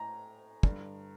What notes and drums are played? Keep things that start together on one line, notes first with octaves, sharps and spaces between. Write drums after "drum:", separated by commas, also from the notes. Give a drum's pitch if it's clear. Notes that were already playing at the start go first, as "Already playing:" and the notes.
Already playing: A2 A#5
G2 D3, drum: kick